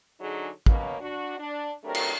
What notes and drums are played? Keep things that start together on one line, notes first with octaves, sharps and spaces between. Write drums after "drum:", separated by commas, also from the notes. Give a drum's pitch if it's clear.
D3 F#3 D4 D#4 G#4
B2 A#3 C#4, drum: kick
D4 F#4
D4
F#3 A3 C4 D4 G4 A#4
drum: cymbal